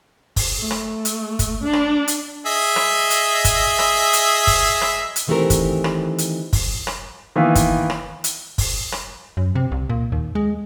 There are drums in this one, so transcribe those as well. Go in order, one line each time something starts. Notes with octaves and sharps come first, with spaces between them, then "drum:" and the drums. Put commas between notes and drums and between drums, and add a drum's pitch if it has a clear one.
drum: kick, open hi-hat
A3
drum: rim click
drum: hi-hat
drum: kick, hi-hat
D4
drum: rim click
drum: hi-hat
G#4 D#5 E5
drum: rim click
drum: hi-hat
drum: kick, hi-hat
drum: rim click
drum: hi-hat
drum: kick, open hi-hat
drum: rim click
drum: hi-hat
D#3 E3 A3 C4 G4 A#4
drum: kick, hi-hat
drum: rim click
drum: hi-hat
drum: kick, open hi-hat
drum: rim click
D#3 E3 A#3 B3
drum: kick, hi-hat
drum: rim click
drum: hi-hat
drum: kick, open hi-hat
drum: rim click
F#2
C3
C2
A#2
D#2
G#3